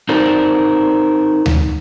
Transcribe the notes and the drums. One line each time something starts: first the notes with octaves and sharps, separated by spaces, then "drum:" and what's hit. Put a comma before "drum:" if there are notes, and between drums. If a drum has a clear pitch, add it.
C4 D#4 A4 A#4 C5 D5
drum: tom D2